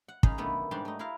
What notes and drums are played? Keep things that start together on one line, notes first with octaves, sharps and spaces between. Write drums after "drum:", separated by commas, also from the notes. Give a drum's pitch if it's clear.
F#5
F#2 C#4 D#4 G#4 F5 B5, drum: kick
B2 D#3 A3 B3 D4 A4
G#2 G3 D4 F#4 A5 C6
A3 D#4
E4 F4 A#4 F5